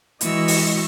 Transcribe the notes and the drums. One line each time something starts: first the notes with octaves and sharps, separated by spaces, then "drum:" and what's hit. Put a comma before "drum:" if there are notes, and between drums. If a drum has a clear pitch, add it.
E3 G#3 F#4 D#5 C#6 E6, drum: hi-hat
drum: open hi-hat